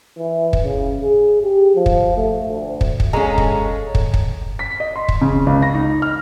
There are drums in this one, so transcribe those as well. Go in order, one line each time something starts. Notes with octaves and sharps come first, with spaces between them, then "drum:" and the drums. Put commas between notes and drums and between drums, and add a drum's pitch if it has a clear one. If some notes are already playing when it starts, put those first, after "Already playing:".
E3
drum: kick
C#3
G#4
G4
F3
drum: kick
A3
D2
drum: kick
drum: kick
G#3 C#4 A4 C#5 F5 A#5
drum: kick
drum: kick
drum: kick
B6
D#5
C6
drum: kick
C#3
C#2
A#6
D#4
F6